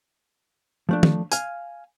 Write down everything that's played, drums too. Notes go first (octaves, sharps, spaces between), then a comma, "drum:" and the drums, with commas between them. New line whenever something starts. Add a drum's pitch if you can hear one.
F3 A3 D4
drum: tom
F5 G#5, drum: hi-hat